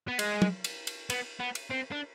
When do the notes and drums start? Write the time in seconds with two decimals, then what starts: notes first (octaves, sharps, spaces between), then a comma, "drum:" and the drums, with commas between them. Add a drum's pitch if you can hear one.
0.08 B3
0.19 G#3, drum: cymbal
0.42 drum: tom
0.64 drum: cymbal
0.87 drum: cymbal
1.10 B3, drum: cymbal
1.40 B3
1.55 drum: cymbal
1.70 C4
1.92 D4